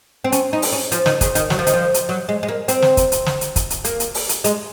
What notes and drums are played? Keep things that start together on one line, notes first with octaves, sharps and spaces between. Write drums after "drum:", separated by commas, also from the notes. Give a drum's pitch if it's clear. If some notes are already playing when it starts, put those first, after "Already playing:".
C4
C#4, drum: hi-hat
D#4
drum: open hi-hat
C#4
F3, drum: hi-hat
D#3, drum: snare
C#3, drum: kick, hi-hat
D#3, drum: hi-hat
F#3, drum: snare
F3
D#3, drum: hi-hat
F3
drum: hi-hat
F#3
G#3
G#3
A#3
C4, drum: hi-hat
drum: snare
drum: kick, hi-hat
drum: hi-hat
drum: snare
drum: hi-hat
drum: kick, hi-hat
drum: hi-hat
A#3, drum: hi-hat
drum: hi-hat
drum: open hi-hat
drum: hi-hat
G#3, drum: hi-hat